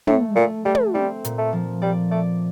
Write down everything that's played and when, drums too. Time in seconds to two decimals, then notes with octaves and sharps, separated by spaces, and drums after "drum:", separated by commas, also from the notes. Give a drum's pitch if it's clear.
0.07 A2 A3, drum: tom
0.36 A#2 A3
0.65 G3 A3
0.75 drum: tom
0.94 G3 C4
1.24 A#2, drum: hi-hat
1.38 A3
1.53 F3
1.82 G3 D5
2.11 A3 D5